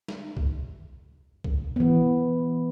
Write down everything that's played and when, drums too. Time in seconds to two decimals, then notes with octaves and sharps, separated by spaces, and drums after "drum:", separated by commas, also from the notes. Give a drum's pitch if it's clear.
0.08 drum: snare
0.37 drum: kick B1
1.44 drum: kick B1
1.76 E3 B3